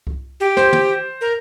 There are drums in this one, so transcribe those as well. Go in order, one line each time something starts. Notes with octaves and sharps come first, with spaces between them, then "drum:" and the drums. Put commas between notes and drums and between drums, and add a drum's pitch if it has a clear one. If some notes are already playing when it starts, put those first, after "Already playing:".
drum: kick C2
G4
C5, drum: snare
drum: tom
A#4